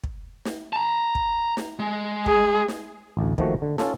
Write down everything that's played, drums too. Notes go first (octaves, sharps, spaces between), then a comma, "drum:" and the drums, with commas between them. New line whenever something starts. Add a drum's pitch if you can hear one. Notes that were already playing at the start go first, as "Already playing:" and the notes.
drum: kick
drum: snare
A5 A#5
drum: kick
drum: snare
G#3
G#4, drum: kick
drum: snare
A1 D2
D#3 F3 A3 A#3 F#4, drum: kick
D3
C#4 F4 A4, drum: snare